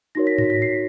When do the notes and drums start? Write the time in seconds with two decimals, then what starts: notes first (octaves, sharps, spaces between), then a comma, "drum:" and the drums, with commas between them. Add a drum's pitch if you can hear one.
0.15 D#4 F#4 A#4 C#5 A#6
0.27 B6
0.38 A#6, drum: tom G#2
0.50 B6
0.62 C7